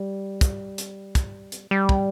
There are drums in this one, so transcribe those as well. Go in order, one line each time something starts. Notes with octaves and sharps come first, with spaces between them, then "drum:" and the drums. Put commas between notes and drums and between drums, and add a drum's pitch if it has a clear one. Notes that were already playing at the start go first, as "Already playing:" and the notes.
Already playing: G3
drum: kick, hi-hat
drum: hi-hat
drum: kick, hi-hat
drum: hi-hat
G3
drum: kick